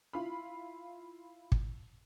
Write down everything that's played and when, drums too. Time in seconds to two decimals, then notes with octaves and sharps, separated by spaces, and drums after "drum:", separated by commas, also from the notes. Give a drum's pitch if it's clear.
0.13 E4 F4 F5 B5
1.52 drum: kick